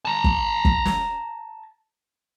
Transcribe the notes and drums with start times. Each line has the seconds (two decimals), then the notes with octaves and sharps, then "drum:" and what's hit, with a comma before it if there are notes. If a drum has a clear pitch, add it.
0.05 A5 A#5
0.24 drum: kick
0.65 drum: kick
0.85 drum: snare